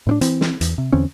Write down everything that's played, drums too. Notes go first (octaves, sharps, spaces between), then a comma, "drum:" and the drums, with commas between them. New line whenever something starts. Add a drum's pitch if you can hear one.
A2 C4 D4
E3 C4, drum: hi-hat
drum: snare
E2, drum: hi-hat
C3
E2 D3 C4 C#4